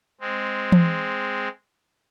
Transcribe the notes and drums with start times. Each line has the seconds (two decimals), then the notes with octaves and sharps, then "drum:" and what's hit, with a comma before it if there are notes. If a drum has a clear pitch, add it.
0.21 G#3 C4
0.72 drum: tom E3